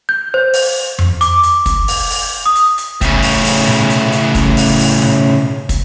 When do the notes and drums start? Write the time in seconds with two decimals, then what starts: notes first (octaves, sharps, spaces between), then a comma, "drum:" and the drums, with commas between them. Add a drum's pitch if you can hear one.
0.09 G6
0.34 C5
0.54 drum: open hi-hat
0.99 drum: tom F2
1.21 D6, drum: hi-hat
1.43 drum: hi-hat
1.66 drum: kick, hi-hat
1.88 drum: open hi-hat
2.11 drum: open hi-hat
2.46 D#6
2.55 drum: hi-hat
2.78 drum: hi-hat
3.01 A2 C#3, drum: kick, hi-hat
3.23 drum: open hi-hat
3.45 drum: open hi-hat
3.67 drum: tom B2
3.90 drum: hi-hat
4.12 drum: hi-hat
4.35 drum: kick, hi-hat
4.57 drum: open hi-hat
4.80 drum: open hi-hat
5.02 drum: tom B2
5.69 drum: kick, hi-hat